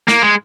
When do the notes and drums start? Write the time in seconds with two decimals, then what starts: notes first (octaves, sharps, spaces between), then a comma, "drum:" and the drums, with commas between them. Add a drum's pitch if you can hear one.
0.08 A#3, drum: snare
0.22 G#3